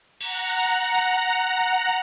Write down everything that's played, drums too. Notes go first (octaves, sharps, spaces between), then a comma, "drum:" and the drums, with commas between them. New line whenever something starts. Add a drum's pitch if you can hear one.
F#5 A#5, drum: cymbal